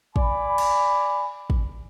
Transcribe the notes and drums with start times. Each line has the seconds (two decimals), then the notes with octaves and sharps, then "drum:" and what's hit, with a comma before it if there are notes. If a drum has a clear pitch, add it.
0.16 D5 G#5 B5, drum: kick
0.58 drum: cymbal
1.50 drum: kick